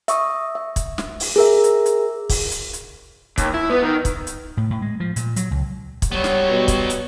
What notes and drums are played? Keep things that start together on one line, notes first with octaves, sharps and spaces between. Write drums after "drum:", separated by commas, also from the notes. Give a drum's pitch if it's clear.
E5 C#6 D#6, drum: hi-hat
E5
drum: kick, hi-hat
drum: snare
drum: open hi-hat
G#4 A#4 E5
drum: hi-hat
drum: hi-hat
drum: kick, open hi-hat
drum: hi-hat
drum: hi-hat
D#2, drum: kick, hi-hat
E4
B3
D#3
drum: kick, hi-hat
drum: hi-hat
A2
A2
G#3
F3
A#2, drum: hi-hat
F#3, drum: hi-hat
C#2
drum: kick, hi-hat
F#3 G3 B3 C#5
drum: snare
B2
drum: kick, hi-hat
drum: hi-hat